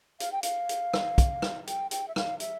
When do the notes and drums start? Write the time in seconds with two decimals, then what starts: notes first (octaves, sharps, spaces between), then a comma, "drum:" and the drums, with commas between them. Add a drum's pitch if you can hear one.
0.20 F5, drum: hi-hat
0.32 G5
0.43 F5, drum: hi-hat
0.69 drum: hi-hat
0.94 drum: rim click
1.18 drum: kick, hi-hat
1.42 drum: rim click
1.67 G5, drum: hi-hat
1.91 G5, drum: hi-hat
2.08 E5
2.16 F5, drum: rim click
2.40 E5, drum: hi-hat